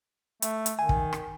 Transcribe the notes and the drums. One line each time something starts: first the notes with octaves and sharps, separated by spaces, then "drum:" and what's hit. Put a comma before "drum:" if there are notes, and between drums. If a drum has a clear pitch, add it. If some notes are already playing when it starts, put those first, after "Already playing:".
A3, drum: hi-hat
drum: hi-hat
D#3 G#5
drum: kick
drum: rim click